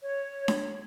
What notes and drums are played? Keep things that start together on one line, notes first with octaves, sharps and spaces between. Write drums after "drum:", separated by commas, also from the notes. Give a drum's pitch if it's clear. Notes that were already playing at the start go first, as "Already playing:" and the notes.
C#5
drum: snare D4